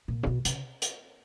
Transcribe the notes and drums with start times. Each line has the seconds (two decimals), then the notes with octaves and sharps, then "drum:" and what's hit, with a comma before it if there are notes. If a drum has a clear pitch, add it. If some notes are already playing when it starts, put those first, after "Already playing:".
0.08 A#2
0.23 C#3
0.27 B2
0.45 C#3, drum: hi-hat
0.82 drum: hi-hat